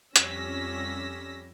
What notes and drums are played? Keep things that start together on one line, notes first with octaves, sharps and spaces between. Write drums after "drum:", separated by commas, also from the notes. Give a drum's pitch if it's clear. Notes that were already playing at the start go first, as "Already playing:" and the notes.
F2 G3 C#4 E6 A#6 B6, drum: hi-hat